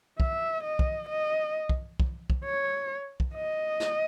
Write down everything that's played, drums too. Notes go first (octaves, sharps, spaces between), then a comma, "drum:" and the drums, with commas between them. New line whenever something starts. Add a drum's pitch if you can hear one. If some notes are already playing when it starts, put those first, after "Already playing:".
E5, drum: kick
D#5
drum: kick
D#5
drum: kick
drum: kick
drum: kick
C#5
drum: kick
D#5
drum: snare